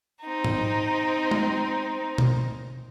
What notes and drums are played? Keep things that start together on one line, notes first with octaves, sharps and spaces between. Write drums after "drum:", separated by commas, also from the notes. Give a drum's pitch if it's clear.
C4 D#4
drum: tom G#2
drum: tom G#3
drum: tom B2